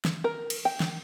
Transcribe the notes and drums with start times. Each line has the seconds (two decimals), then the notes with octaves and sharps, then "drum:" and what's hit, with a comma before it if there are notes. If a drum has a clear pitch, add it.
0.05 drum: snare
0.24 A#4
0.50 drum: cymbal
0.65 G5
0.80 drum: snare